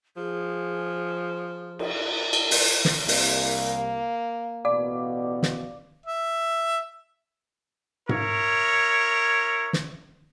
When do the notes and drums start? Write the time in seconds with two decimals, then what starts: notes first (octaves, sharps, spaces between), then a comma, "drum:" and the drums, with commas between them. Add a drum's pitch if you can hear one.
0.17 F3 G#4
1.79 drum: cymbal
2.33 drum: cymbal
2.51 drum: open hi-hat
2.85 drum: snare
3.08 C2 A#3, drum: open hi-hat
4.65 A1 B2 D5 F5 D6
5.43 drum: snare
6.06 E5
8.09 E4 A#4 C#5, drum: tom G#2
9.73 drum: snare